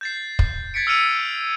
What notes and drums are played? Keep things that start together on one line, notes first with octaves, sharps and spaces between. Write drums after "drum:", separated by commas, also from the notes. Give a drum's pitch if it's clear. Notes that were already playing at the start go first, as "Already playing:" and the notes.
G6 A6 C7
drum: kick
G#6 A6 B6 C#7 D7
E6 F6 B6 C#7 D#7 F7